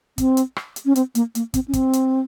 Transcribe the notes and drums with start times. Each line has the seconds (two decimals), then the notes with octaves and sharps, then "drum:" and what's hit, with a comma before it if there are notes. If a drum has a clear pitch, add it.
0.18 C4, drum: kick, hi-hat
0.37 drum: hi-hat
0.56 drum: rim click
0.76 drum: hi-hat
0.86 C#4
0.96 C4, drum: hi-hat
1.15 A#3, drum: hi-hat
1.35 A#3, drum: hi-hat
1.54 C4, drum: kick, hi-hat
1.68 C#4
1.73 C4, drum: kick, hi-hat
1.93 drum: hi-hat